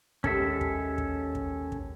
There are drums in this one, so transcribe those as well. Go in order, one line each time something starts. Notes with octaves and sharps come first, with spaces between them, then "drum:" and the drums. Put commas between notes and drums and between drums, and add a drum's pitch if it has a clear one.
D#2 G#3 C#4 A4 E5, drum: kick
drum: kick
drum: kick
drum: kick
drum: kick